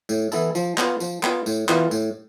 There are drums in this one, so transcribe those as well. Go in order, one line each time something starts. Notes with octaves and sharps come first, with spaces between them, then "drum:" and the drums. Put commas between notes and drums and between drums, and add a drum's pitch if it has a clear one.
A2, drum: tambourine
E3 B3 E4 A4, drum: tambourine
F3, drum: tambourine
B3 F4, drum: clap
F3, drum: tambourine
B3 F4, drum: clap
A2, drum: tambourine
E3 B3 F4, drum: clap
A2, drum: tambourine